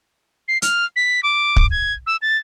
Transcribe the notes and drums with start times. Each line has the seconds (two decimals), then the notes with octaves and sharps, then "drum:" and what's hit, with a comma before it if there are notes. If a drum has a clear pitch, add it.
0.48 C7
0.62 F6, drum: hi-hat
0.96 B6
1.23 D6
1.56 drum: kick
1.71 G#6
2.06 E6
2.22 A6